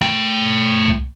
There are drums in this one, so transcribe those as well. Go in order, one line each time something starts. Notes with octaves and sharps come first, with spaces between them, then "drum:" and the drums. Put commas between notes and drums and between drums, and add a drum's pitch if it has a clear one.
A3 G5, drum: rim click
drum: kick